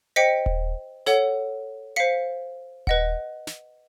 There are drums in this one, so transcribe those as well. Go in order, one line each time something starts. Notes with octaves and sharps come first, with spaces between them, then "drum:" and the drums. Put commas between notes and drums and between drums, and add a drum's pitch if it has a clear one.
C5 D#5 G5 B6 C#7
drum: kick D#1
A4 C#5 F#5, drum: snare
C5 F5 B6 C#7
B4 D#5 F#5, drum: kick D#1
drum: snare